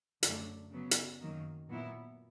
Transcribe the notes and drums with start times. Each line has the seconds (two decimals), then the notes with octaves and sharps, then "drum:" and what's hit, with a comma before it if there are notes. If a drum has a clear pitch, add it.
0.23 F#2 D3 F#3 A3 D4, drum: hi-hat
0.70 C#3 F#3 B3
0.91 drum: hi-hat
1.20 F#2 D#3 F#3 A#3
1.69 A#2 F#3 B3 E4